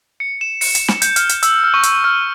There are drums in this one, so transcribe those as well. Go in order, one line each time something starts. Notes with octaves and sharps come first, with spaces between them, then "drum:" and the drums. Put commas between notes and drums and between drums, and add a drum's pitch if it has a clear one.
C#7
E7
C#7, drum: open hi-hat
drum: hi-hat
drum: snare
G6, drum: hi-hat
F6, drum: hi-hat
drum: hi-hat
E6, drum: hi-hat
F6
C#6
E6, drum: hi-hat
F6